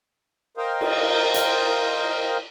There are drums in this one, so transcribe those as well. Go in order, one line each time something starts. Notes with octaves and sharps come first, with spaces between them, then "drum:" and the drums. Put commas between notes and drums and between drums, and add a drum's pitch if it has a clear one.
A#4 C5 D#5 F5 G5
drum: cymbal
drum: hi-hat